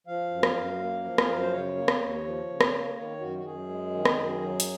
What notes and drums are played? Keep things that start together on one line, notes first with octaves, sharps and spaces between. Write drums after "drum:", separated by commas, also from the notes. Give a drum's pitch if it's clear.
F3 F5
F#2
drum: rim click
F#2
A#3
F3
G#4, drum: rim click
F#2 A#4
C5
C#3 C#5
A#3
drum: rim click
D#2
F3
C#3
drum: rim click
A#3
D#3 C#5
F#2 F#4
F#4
F#2 G#4
G#3
D#3
drum: rim click
F#2
F#3
drum: hi-hat